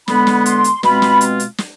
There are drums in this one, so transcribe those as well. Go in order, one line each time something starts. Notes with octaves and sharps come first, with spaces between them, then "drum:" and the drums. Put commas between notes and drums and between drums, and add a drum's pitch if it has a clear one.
D3 G#3 B3 B5, drum: snare
drum: snare
B5
C6, drum: hi-hat
drum: hi-hat
B2 G#3 C4 F4 B5, drum: snare
drum: snare
drum: hi-hat
drum: hi-hat
drum: snare